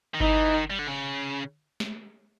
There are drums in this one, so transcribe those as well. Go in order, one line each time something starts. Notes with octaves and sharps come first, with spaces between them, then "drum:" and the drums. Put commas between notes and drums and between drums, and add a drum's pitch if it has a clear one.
D#3
E3 D#4, drum: kick G1
D#3
G3
D3
C#3
drum: snare